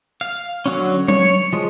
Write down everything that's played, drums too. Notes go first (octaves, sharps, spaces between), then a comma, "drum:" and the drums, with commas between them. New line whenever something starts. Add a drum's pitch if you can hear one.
F5
D3 F#3 C#4
C#5, drum: tom F#3
F3 G#3